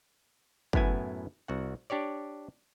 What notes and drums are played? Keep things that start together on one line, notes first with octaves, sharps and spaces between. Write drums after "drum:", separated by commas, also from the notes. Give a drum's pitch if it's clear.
F#2 A2 B3 E4 G#5, drum: kick
C2 F#4 F#5
D4 G4 C#5 D5